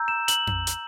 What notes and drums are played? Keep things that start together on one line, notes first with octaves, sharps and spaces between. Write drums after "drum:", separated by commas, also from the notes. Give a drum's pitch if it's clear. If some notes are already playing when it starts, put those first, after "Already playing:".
Already playing: A#5 E6 G6
E7
F#7, drum: hi-hat
drum: tom F2
drum: hi-hat